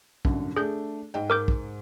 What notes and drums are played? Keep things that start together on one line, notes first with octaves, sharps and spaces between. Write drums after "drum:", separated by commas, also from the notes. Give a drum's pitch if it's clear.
C2 F#2 D3, drum: kick
A3 D4 G#4 G6
G#2 D#5 G5
G#2 A#4 D6 G6
drum: kick